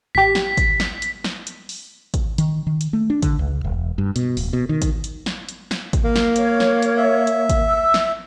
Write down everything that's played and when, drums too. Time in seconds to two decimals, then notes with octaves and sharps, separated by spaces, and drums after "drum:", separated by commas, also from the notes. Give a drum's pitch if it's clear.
0.15 A1 G4 B6
0.35 drum: snare
0.57 drum: kick G#1, hi-hat
0.80 drum: snare
1.02 drum: hi-hat
1.24 drum: snare
1.47 drum: hi-hat
1.69 drum: open hi-hat
2.14 drum: kick G#1, hi-hat
2.38 D#3, drum: hi-hat
2.67 D#3
2.81 drum: hi-hat
2.93 A3
3.10 D4
3.22 D3, drum: kick G#1, hi-hat
3.39 C#2
3.64 E1
3.98 G2
4.16 B2, drum: hi-hat
4.37 D1, drum: open hi-hat
4.53 B2
4.69 D#3
4.82 drum: kick G#1, hi-hat
5.04 drum: hi-hat
5.26 drum: snare
5.49 drum: hi-hat
5.71 drum: snare
5.93 drum: kick G#1, hi-hat
6.04 A#3 F5
6.16 drum: snare
6.36 C#5, drum: hi-hat
6.60 drum: snare
6.83 drum: hi-hat
6.97 E5
7.27 drum: hi-hat
7.49 drum: kick G#1, hi-hat
7.66 E6
7.94 drum: snare